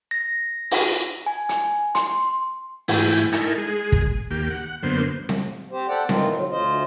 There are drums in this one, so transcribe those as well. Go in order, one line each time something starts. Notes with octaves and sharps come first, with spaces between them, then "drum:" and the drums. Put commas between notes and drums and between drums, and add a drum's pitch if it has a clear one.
A#6
drum: open hi-hat
G#5
drum: hi-hat
C6, drum: hi-hat
G#2 E3 A3 E4 G5 G#5, drum: open hi-hat
D#4 E4 A4 A#4 G#5, drum: hi-hat
G#3 G#4
drum: kick
D#2 A#3 G4
F#5
F#2 D3 A#3 B3 C5
drum: snare C4
C4 G4 C5
A4 D5 F#5 G5
D#3 E3 C4 D#4 F4, drum: snare C4
B2 D3 F#3
D2 F4 C5 D#5